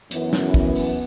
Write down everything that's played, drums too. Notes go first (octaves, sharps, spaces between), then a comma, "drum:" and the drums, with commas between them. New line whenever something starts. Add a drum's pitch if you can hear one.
F#2 E3 B3, drum: hi-hat
drum: snare
B3, drum: kick
drum: open hi-hat